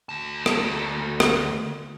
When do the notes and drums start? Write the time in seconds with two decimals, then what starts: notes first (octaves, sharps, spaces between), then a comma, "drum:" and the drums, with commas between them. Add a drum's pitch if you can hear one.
0.09 D2 A5
0.46 drum: rim click
1.20 drum: rim click